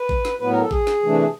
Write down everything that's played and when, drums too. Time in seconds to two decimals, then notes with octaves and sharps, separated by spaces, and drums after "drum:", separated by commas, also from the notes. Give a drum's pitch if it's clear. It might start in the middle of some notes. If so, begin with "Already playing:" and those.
Already playing: B4
0.09 drum: kick G#1
0.25 drum: snare
0.40 A2 F#3 B3 B4
0.51 A#4
0.61 A4
0.71 G#4, drum: kick G#1
0.87 drum: snare
1.03 C3 E3 A3 D4